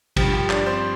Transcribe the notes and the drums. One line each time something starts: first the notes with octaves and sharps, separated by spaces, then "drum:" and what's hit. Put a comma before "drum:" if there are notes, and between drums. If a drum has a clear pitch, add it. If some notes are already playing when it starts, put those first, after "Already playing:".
G2 F3 G4 G5, drum: kick G#1, cymbal
G4 G5
D4 D5, drum: clap
C4 C5